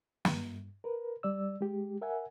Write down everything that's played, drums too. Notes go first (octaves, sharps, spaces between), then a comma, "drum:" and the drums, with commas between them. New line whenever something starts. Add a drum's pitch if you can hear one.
G2, drum: snare
A#4 B4
G3 D5 E6
G#3 G4
A#4 E5 F#5 G#5